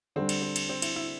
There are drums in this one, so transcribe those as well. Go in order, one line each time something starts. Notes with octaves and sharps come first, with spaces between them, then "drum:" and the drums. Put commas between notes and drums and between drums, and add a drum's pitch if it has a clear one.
D3 G3 C4 D4
drum: cymbal
C4
drum: cymbal
C4
E4, drum: cymbal
E4